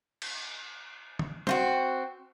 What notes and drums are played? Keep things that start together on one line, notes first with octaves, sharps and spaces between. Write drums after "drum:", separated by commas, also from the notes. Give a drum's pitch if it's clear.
drum: cymbal
drum: tom
C4 F4 F#4, drum: snare